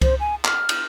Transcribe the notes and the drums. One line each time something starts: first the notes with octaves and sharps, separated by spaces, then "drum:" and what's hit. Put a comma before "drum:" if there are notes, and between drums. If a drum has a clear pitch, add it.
C5, drum: kick C2, cymbal
G#5
F6, drum: clap
drum: cymbal